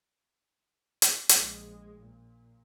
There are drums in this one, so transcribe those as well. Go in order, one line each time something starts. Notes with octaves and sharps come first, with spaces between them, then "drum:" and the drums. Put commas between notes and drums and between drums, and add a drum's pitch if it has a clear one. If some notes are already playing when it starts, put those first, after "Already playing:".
drum: hi-hat
A#1 G#3, drum: hi-hat
A#2